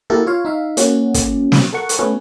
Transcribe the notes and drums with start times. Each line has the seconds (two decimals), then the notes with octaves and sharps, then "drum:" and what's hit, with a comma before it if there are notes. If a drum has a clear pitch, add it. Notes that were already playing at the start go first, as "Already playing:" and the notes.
0.10 A#3 E4 F#4 G4 A4 A#4
0.26 F4 C#5 F5
0.45 D#4 E5 F5
0.77 A#3 C#4 F#4, drum: hi-hat
1.14 drum: kick, hi-hat
1.52 drum: snare
1.73 A4 A#4 F#5 C#6
1.89 drum: hi-hat
1.98 A3 B3 C#4 F#4 B4